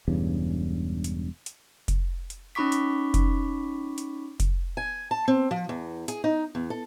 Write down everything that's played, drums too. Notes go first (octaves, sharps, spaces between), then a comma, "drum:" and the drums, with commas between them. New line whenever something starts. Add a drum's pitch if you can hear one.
E1 E2 G2 C#3
drum: hi-hat
drum: hi-hat
drum: kick F1, hi-hat
drum: hi-hat
C#4 D#4 B5 C#6 D6 B6
drum: hi-hat
drum: kick F1, hi-hat
drum: hi-hat
drum: kick F1, hi-hat
G#5
A5
C4
F3
E2
G#4, drum: hi-hat
D#4
E2
A4